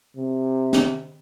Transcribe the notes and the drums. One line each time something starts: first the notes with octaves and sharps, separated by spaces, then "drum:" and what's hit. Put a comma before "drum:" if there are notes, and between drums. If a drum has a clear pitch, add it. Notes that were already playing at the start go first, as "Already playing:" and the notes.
C3
drum: snare